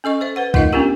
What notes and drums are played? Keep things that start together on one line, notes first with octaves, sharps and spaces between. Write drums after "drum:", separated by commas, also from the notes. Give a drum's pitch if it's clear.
C#4 A4 D#5 C#6
A4 C5 E5
B4 C5 F#5
A3 D#4 F4 A#4 D#5 F5, drum: kick B1
B3 C#4 D4 F4 G4 A#4